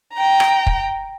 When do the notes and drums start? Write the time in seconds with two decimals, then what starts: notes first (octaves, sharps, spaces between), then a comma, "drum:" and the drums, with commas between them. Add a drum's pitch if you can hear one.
0.13 G5 A#5
0.40 drum: rim click
0.67 drum: kick